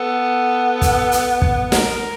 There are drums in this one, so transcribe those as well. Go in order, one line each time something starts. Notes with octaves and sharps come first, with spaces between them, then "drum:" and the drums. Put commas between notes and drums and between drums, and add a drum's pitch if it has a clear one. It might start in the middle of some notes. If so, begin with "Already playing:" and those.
Already playing: B3 A4
drum: kick, hi-hat
drum: hi-hat
drum: kick
A#4, drum: snare